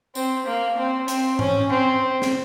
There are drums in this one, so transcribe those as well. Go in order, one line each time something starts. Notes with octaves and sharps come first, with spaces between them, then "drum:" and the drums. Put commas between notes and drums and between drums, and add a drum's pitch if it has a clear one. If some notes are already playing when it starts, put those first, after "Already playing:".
C4, drum: tambourine
A#3
C4
C4, drum: hi-hat
C#4, drum: tom G#2
C4
drum: snare